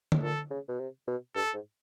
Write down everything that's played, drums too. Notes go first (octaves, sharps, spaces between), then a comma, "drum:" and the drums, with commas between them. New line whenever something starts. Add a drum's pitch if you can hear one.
drum: tom D3
A#2 A4
C#3
B2
C3
B2
G2 A4
G#2